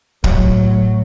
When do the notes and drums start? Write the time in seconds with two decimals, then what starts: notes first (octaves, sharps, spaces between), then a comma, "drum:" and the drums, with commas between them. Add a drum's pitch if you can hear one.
0.24 A2 F#3, drum: kick